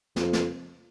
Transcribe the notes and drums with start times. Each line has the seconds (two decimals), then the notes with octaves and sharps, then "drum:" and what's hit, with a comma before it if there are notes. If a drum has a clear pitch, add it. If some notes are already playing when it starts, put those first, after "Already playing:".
0.16 F2, drum: snare
0.33 drum: snare